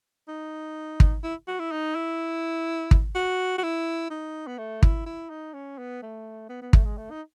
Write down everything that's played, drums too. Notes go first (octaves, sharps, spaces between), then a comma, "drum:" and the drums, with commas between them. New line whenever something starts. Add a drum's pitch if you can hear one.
D#4
drum: kick
E4
F#4
E4
D#4
E4
drum: kick
F#4
F#4
E4
D#4
B3
A3
E4, drum: kick
E4
D#4
C#4
B3
A3
B3
B3
A3, drum: kick
G#3
A3
D#4